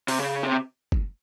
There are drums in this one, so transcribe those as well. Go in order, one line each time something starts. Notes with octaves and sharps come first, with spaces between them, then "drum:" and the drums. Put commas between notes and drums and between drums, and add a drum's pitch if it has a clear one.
C3, drum: open hi-hat
C#3
C3
drum: kick